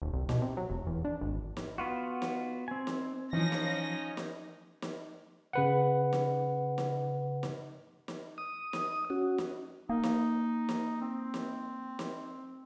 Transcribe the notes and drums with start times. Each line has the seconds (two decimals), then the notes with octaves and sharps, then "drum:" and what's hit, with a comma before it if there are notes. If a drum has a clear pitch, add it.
0.02 D#1
0.13 C2
0.29 B2, drum: snare
0.42 C3
0.57 F#3
0.70 F1
0.86 E2
1.05 D4
1.21 G#1
1.57 drum: snare
1.78 B3 F4 F#4
2.22 drum: snare
2.68 C4 G#5
2.87 drum: snare
3.33 E3 F3 C#4 D#4 A#6
3.52 drum: snare
4.17 drum: snare
4.82 drum: snare
5.53 C#3 B4 F#5
6.13 drum: snare
6.78 drum: snare
7.43 drum: snare
8.08 drum: snare
8.38 D#6
8.73 drum: snare
9.10 C#4 F#4
9.38 drum: snare
9.89 A#3 D#4
10.03 drum: snare
10.69 drum: snare
11.01 C4
11.34 drum: snare
11.99 drum: snare